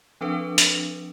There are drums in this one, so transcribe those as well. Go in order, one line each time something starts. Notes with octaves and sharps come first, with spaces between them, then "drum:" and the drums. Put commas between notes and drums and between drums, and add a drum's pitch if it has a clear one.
F3 C4 D4 A4 B4
drum: hi-hat